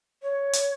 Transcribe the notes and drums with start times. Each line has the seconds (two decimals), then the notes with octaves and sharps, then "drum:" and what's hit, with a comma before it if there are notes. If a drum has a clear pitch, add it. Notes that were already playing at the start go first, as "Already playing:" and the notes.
0.22 C#5
0.53 drum: hi-hat